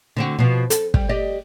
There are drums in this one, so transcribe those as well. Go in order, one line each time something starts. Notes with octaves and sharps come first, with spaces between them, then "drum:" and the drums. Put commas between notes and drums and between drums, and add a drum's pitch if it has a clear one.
D3 C4 F#4
B2 F3
A4, drum: hi-hat
G3, drum: kick
G4 D5 D#5